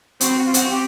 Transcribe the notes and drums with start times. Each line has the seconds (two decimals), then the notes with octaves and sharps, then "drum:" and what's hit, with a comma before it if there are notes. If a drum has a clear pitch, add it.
0.21 C4 F#4, drum: hi-hat
0.29 B4
0.37 F#4
0.45 F4
0.54 C4 F#4, drum: hi-hat
0.65 F#4
0.69 G4